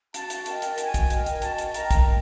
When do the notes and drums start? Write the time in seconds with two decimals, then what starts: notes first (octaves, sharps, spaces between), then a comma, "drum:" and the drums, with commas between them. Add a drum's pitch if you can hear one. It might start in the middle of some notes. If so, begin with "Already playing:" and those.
0.14 F#4 A5, drum: hi-hat
0.30 drum: hi-hat
0.46 A#4 D#5 G5, drum: hi-hat
0.62 drum: hi-hat
0.78 F#4 G#5, drum: hi-hat
0.94 drum: kick, hi-hat
1.10 A#4 D#5 G5, drum: hi-hat
1.26 drum: hi-hat
1.42 F#4 A5, drum: hi-hat
1.58 drum: hi-hat
1.74 A#4 D#5 G5 A#5, drum: hi-hat
1.91 drum: kick, hi-hat